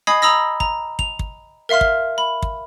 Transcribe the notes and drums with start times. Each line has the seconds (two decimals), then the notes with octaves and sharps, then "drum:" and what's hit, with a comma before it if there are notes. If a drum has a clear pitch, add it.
0.07 D#5 G#5 B5 D#6 G#6 C7
0.22 A#5 B5 D#6 E6 A#6
0.60 A#5, drum: kick
0.99 F7, drum: kick
1.19 drum: kick
1.69 A#4 E5 F5 C6 F6
1.81 drum: kick
2.18 B5
2.42 drum: kick